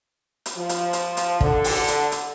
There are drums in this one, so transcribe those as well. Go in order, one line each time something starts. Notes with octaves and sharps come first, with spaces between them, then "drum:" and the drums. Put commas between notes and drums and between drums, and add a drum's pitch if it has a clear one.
drum: hi-hat
F3
drum: hi-hat
drum: hi-hat
drum: hi-hat
D3, drum: kick
drum: open hi-hat
drum: hi-hat
drum: hi-hat